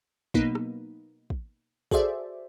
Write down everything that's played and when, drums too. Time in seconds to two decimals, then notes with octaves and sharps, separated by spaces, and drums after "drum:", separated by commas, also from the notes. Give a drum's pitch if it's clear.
0.34 B2 F#3 A#3 B3 D#4, drum: kick
0.55 drum: rim click
1.30 drum: kick
1.91 F#4 G#4 A4 C5 D5 E5, drum: kick